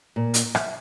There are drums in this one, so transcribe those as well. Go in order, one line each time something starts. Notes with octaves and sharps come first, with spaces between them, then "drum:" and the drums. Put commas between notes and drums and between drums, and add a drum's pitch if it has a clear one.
A#2
drum: hi-hat
E5, drum: rim click